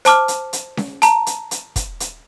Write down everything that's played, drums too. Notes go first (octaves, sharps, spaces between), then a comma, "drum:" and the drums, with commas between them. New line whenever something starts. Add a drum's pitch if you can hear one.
C5 A5 D6 F6, drum: hi-hat
drum: hi-hat
drum: hi-hat
drum: snare C#4
A5 A#5, drum: hi-hat
drum: hi-hat
drum: hi-hat
drum: kick, hi-hat
drum: hi-hat